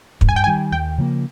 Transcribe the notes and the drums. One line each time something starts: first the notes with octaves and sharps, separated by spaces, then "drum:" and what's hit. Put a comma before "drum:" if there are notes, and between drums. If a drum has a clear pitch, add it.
G2, drum: kick
G#5
G5
D#3 G3 G#5
D#2 G5
C#3 F3 A#3